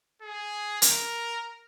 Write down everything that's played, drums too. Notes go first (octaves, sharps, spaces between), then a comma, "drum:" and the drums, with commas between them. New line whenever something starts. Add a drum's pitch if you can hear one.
G#4
A#4, drum: hi-hat